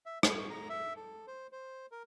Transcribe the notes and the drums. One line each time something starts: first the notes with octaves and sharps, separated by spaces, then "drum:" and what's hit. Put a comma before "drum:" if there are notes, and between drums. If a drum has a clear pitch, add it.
E5
B4, drum: rim click
C#6
A#5
E5
A4
C5
C5
A#4